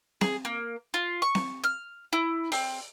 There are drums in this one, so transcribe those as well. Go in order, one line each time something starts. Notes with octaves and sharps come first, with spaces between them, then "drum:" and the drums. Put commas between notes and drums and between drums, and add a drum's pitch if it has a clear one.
G#4, drum: snare C4
A#3
F4
C#6
drum: snare C4
F6
E4
C4, drum: open hi-hat